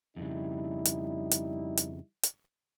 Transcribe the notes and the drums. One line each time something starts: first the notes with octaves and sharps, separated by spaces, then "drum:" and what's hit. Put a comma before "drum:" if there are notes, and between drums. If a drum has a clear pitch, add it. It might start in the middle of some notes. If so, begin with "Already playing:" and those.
F2 C#3 G3 D#4 E4
drum: hi-hat
drum: hi-hat
drum: hi-hat
drum: hi-hat